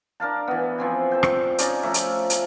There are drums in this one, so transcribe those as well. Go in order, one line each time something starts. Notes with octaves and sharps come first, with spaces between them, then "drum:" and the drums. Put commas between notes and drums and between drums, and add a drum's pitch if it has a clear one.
D4 A#4 F5 A5
E3 B3
F3 C4 G#5
A4 C5 G5
drum: rim click
C#4 D#4 D5 D#5, drum: hi-hat
F3 A3 E5 A#5
drum: hi-hat
drum: hi-hat